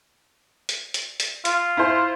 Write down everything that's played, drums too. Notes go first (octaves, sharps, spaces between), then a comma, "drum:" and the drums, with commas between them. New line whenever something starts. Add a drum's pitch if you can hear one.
drum: hi-hat
drum: hi-hat
drum: hi-hat
F4, drum: hi-hat
E4 C5